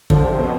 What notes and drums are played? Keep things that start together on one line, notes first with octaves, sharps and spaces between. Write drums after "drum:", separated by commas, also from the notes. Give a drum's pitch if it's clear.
D3 F3, drum: kick
C3
B2 C4